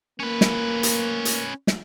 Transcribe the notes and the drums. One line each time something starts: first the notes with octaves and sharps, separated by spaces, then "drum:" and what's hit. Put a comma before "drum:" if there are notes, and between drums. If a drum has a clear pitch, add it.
A#3 C#4 B4
drum: snare
drum: hi-hat
drum: hi-hat
drum: snare